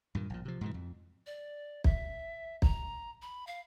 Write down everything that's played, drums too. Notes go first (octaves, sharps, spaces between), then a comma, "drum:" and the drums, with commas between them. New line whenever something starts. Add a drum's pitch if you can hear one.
G2 A#2 D#3
A#1 A#2
C3 F3
G#2 B2 E3
F2
D5
E5, drum: kick
A#5, drum: kick
B5
F5